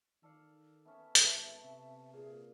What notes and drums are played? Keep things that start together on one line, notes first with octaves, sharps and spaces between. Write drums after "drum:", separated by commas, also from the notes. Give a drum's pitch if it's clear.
D#3 A4 D5 F5
B3 C#4 E5 A5
G#1, drum: hi-hat
C3
A#2 G#4